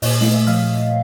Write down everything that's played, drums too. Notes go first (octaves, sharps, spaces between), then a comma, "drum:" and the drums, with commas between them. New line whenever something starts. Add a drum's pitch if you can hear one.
A#2 C#5 D#5, drum: open hi-hat
A3 D#5, drum: snare
E5
F3 D#5 F5